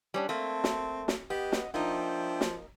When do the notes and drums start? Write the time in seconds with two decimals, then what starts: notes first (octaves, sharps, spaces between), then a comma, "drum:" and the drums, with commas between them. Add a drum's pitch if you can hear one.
0.14 G3 C#4 D4
0.29 A3 A#3 C4
0.64 drum: snare
1.08 drum: snare
1.30 B3 G4 D#5
1.52 drum: snare
1.74 F3 A#3 D4 D#4 E5 G5
2.41 drum: snare